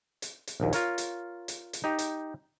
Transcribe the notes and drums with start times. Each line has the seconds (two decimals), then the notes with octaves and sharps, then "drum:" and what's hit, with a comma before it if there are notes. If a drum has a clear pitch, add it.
0.22 drum: hi-hat
0.47 drum: hi-hat
0.60 A#1 D#2
0.73 F4 A#4 C#5, drum: hi-hat
0.98 drum: hi-hat
1.48 drum: hi-hat
1.73 drum: hi-hat
1.84 D#4 G4
1.99 drum: hi-hat